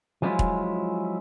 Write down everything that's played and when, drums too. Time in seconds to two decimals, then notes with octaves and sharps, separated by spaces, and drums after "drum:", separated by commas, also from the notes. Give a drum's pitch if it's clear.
0.22 F3 F#3 G#3 C#4 E4 F4
0.39 drum: kick